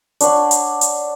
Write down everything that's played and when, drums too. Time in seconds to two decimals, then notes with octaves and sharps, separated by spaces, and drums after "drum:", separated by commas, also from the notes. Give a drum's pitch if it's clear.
0.21 D4 C#5 F#5 C#6, drum: hi-hat
0.51 drum: hi-hat
0.81 drum: hi-hat